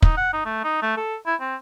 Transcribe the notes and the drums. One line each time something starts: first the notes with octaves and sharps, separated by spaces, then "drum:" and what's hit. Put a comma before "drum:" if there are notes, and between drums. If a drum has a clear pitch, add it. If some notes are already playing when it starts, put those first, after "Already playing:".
D#4, drum: kick
F#5
D#4
A3
D#4
A3
A4
E4
C4